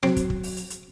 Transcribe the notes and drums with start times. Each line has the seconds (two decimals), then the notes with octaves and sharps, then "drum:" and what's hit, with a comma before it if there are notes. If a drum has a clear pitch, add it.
0.03 F#3 C4, drum: rim click
0.16 drum: kick, hi-hat
0.30 drum: kick
0.43 drum: open hi-hat
0.57 drum: hi-hat
0.70 drum: hi-hat